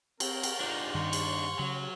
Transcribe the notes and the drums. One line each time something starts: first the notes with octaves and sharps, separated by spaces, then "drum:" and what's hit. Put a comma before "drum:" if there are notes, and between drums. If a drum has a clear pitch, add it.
C4 A#4, drum: cymbal
drum: cymbal
D4 D#4 F4
G2 D#3 C6 C#6
drum: cymbal
C#3 F#3